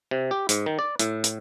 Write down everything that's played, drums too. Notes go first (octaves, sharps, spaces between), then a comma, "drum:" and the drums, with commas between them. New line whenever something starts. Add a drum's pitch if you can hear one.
C3
G4
G#2, drum: hi-hat
D#3
D5
A2, drum: hi-hat
drum: hi-hat